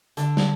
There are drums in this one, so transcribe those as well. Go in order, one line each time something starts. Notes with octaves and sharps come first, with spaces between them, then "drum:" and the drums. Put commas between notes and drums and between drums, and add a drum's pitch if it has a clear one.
D3, drum: hi-hat
drum: snare